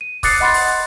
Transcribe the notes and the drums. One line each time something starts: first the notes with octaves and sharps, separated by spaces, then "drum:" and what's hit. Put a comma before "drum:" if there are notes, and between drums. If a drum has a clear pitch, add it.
D#7
D6 D#6 F#6 A6 C7 C#7, drum: kick C#1, open hi-hat
D#5 F#5 B5 C6 F#6 A6
drum: open hi-hat